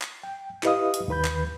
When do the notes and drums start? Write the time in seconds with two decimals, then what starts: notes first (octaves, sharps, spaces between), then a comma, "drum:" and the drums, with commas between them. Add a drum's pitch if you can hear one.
0.02 drum: clap
0.23 G5
0.63 E4 G4 B4 D#5 F5 D#6, drum: clap
0.94 drum: hi-hat
1.08 D#2 D#3 B4 B5 G6
1.25 drum: clap